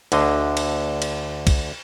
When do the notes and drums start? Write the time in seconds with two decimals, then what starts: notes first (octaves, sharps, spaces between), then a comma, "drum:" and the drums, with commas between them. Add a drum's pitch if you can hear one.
0.12 D2 D3 D#5, drum: cymbal
0.57 drum: cymbal
1.02 drum: cymbal
1.47 drum: kick B1, cymbal